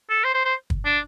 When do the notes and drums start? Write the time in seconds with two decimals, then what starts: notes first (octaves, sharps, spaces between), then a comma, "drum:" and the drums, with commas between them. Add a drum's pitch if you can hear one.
0.09 A4
0.24 C5
0.34 C5
0.45 C5
0.70 drum: kick
0.85 D4